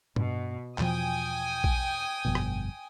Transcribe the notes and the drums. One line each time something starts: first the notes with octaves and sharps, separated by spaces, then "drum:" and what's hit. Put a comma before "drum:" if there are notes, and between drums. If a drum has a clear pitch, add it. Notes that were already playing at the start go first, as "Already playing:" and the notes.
G2 B2, drum: tom
E2 B2 F3 G5 G#5 D#6, drum: clap
drum: kick A#1
G1 F2 B2
drum: rim click